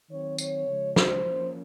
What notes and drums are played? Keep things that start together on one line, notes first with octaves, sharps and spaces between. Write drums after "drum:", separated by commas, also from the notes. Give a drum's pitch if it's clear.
D#3 F#3 C4 C#5
C#5, drum: tambourine
C#3 F3 G#3
C5, drum: snare
F3 A#3 C#4